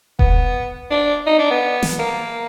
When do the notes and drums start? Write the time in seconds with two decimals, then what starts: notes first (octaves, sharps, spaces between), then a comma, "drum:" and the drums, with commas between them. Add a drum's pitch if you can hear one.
0.19 B3, drum: kick E1
0.91 D4
1.27 D#4
1.39 D4
1.51 B3
1.83 drum: snare
1.99 A#3